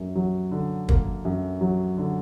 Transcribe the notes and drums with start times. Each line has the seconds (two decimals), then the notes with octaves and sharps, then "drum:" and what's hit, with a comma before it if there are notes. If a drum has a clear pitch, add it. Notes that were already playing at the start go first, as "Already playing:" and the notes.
Already playing: F#2 A#3
0.15 F#3
0.52 D3
0.89 A#3, drum: kick
1.25 F#2
1.61 F#3
1.98 D3